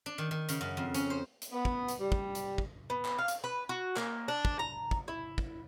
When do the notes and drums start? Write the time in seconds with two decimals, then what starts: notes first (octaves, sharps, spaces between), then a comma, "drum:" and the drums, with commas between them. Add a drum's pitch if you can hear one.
0.06 D4
0.18 D#3
0.31 D#3
0.49 C#3, drum: hi-hat
0.61 F#2
0.77 F2
0.94 C#4, drum: hi-hat
1.10 C5
1.42 drum: hi-hat
1.52 B3
1.65 drum: kick
1.88 drum: hi-hat
1.99 G3
2.12 drum: kick
2.35 drum: hi-hat
2.58 drum: kick
2.90 B3
3.05 drum: clap
3.18 F5
3.28 drum: hi-hat
3.44 B4
3.69 F#4
3.96 A#3, drum: clap
4.28 D4
4.45 drum: kick
4.59 A#5
4.91 drum: kick
5.08 E4
5.38 drum: kick